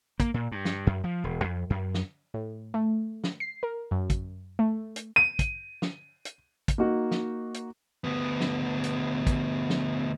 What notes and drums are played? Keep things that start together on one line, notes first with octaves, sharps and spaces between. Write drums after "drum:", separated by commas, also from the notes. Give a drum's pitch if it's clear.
A#3, drum: kick, hi-hat
A#2
G2
drum: snare
F#2
F3
E1
F2
F#2
drum: snare
A2
A3
drum: snare
C7
A#4
F#2
drum: kick, hi-hat
A3
drum: hi-hat
D#7
drum: kick, hi-hat
drum: snare
drum: hi-hat
drum: kick, hi-hat
A#3 D#4 F#4
drum: snare
drum: hi-hat
D2 B3
drum: snare
drum: hi-hat
drum: kick, hi-hat
drum: snare